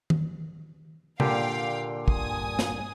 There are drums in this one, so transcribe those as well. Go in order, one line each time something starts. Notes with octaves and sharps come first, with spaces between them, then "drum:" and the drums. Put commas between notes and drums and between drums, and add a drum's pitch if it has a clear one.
drum: tom D#3
A#2 D3 G4 F5 G5, drum: tom C3
G2 G#5 D#6, drum: kick
drum: snare